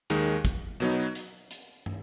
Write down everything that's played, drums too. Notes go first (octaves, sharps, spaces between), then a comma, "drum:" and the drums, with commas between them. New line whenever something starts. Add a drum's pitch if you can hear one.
D#2 D#3 G#3 D#4, drum: hi-hat
drum: kick, hi-hat
B2 F#3 B3 D#4, drum: rim click
drum: hi-hat
drum: hi-hat
drum: tom